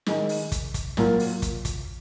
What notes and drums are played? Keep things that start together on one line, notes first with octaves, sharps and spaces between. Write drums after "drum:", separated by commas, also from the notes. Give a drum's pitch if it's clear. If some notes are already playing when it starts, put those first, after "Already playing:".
D#3 G#3 D#4, drum: snare
drum: open hi-hat
drum: kick, hi-hat
drum: kick, hi-hat
A#2 F#3 A#3 F4, drum: snare
drum: open hi-hat
drum: kick, hi-hat
drum: kick, hi-hat